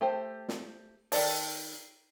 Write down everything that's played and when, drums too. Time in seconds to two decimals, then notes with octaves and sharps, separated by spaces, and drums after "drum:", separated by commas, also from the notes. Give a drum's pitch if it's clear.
0.01 A3 G4 C5
0.49 drum: snare
1.12 D#3 A4 D5 A5, drum: open hi-hat